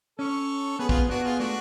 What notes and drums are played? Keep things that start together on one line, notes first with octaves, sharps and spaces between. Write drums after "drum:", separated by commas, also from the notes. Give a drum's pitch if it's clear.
C#4 A4 C#5
B3 G#4 B4
F4 G#4, drum: kick
B3 D4 F#4
F4 G#4
A3 D4 F#4